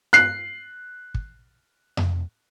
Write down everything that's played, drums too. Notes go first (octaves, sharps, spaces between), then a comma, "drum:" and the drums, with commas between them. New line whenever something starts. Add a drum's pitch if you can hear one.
F#6 C7, drum: snare
drum: kick
drum: tom F2